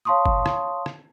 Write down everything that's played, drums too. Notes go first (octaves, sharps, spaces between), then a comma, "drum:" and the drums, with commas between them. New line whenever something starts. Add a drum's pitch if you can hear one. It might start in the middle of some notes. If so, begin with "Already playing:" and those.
C#5 F5 A5 C6 C#6 D#6
drum: kick
drum: rim click
drum: rim click